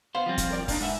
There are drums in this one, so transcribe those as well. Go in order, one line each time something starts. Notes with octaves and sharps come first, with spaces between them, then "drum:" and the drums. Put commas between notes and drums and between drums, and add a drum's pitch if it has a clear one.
B3 C5 F5
F3 G3 C4
F4, drum: kick, hi-hat
A#4 D5 G5
A#3 D4 D#4, drum: kick, open hi-hat
G#2 E3 E5 F#5